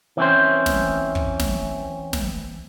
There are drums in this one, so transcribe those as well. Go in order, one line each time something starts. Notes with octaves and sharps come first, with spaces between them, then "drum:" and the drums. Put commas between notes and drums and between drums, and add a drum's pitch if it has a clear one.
E3 C4 C#4 C5
drum: snare
drum: kick
drum: snare
drum: snare